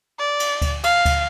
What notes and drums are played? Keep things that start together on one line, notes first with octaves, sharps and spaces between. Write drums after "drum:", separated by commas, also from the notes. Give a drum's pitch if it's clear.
D5
drum: cymbal
drum: kick D2, cymbal
F5, drum: cymbal
drum: kick D2, cymbal